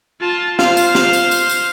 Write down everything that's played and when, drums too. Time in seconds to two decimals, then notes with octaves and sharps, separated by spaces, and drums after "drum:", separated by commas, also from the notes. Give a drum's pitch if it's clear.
0.21 F4 A5
0.59 F4 C5 F5, drum: snare
0.77 drum: tambourine
0.95 drum: snare
1.13 drum: tambourine
1.31 drum: tambourine
1.49 drum: tambourine